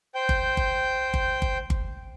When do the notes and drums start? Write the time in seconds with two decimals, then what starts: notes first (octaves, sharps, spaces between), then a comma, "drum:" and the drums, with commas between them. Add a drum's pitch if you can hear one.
0.15 C5 G5 G6
0.29 drum: kick G1
0.57 drum: kick G1
1.14 drum: kick G1
1.42 drum: kick G1
1.70 drum: kick G1